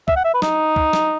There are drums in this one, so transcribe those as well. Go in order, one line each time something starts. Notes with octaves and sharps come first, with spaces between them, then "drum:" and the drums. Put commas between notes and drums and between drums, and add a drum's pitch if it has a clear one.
E5, drum: kick
F#5
E5
B4
D#4, drum: snare
drum: kick
drum: snare